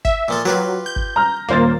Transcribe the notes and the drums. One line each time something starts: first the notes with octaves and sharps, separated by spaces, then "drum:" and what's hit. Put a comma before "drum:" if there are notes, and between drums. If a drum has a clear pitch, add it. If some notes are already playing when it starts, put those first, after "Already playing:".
E5, drum: kick G1
A#2 F3 A4
F#3 F4 G4 B4
G6
drum: kick G1
A#5 F6
D#1 A#3 C5 A6